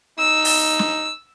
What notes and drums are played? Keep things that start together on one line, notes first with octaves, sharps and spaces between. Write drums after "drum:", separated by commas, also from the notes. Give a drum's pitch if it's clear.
D#4 E6
drum: open hi-hat
drum: snare